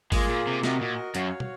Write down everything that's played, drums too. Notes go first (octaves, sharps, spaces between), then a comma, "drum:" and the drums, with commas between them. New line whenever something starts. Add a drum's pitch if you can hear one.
G#3 A#3 F4 G#4, drum: kick G#1, open hi-hat
A#2
C3
C3 F#4 A#4 D#5, drum: snare
A#2
F#2 F#4 C#5 F5, drum: hi-hat
drum: tom